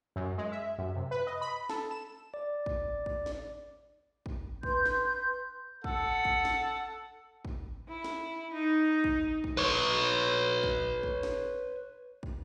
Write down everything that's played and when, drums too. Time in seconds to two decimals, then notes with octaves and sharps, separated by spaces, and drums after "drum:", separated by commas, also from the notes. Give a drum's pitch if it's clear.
0.16 F#2
0.38 G#3
0.52 E5
0.78 F#2
0.96 C3
1.11 B4
1.27 D#5
1.41 B5
1.69 A4, drum: snare
1.91 E7
2.34 D5
2.66 drum: kick
3.06 drum: kick
3.26 drum: snare
4.26 drum: kick
4.63 B4 C6 G6, drum: kick
4.86 drum: snare
5.84 A4 F#5, drum: kick
6.25 drum: kick
6.45 drum: snare
7.45 drum: kick
7.88 E4
8.04 drum: snare
8.53 D#4
9.04 drum: kick
9.44 drum: kick
9.57 B4 C#5
10.63 drum: kick
11.03 drum: kick
11.23 drum: snare
12.23 drum: kick